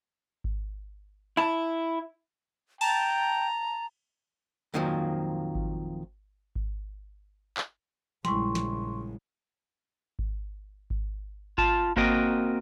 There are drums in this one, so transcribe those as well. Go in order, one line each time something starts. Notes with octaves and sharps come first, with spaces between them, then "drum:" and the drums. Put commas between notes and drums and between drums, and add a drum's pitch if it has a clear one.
drum: kick G#1
E4 A5
G5 A5 A#5, drum: cymbal
F2 A#2 D#3 F3 F#3
drum: kick G#1
drum: kick G#1
drum: clap
A#1 C#3 G3 G#3 E4 C6 C#6, drum: snare
drum: snare
drum: kick G#1
drum: kick G#1
F4 A5, drum: kick G#1
A#3 C4 F#4 A#4 D#5 G5, drum: kick G#1